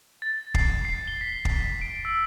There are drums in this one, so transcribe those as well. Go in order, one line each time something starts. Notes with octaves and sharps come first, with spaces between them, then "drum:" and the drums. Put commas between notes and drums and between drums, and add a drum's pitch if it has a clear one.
A6
C7, drum: kick
C7
G7
B6
drum: kick
D7
E6